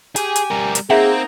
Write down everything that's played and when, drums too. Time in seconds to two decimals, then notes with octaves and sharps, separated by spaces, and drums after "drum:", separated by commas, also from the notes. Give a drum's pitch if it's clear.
0.16 G4 G#4 G#5, drum: hi-hat
0.36 drum: hi-hat
0.51 G3 A#4
0.75 drum: hi-hat
0.90 A#3 C4 D#4 G#4 E5 F#5 A#5